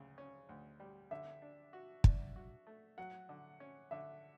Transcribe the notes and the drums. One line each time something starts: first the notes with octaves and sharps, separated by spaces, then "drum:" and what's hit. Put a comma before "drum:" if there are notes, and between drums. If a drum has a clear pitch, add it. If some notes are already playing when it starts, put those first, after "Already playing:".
Already playing: D2 C#3
C#4
D2
G3
D3 E5
D4
F#4
D4, drum: kick
F#4
A3
F#3 F#5
D3
C#4
D3 E5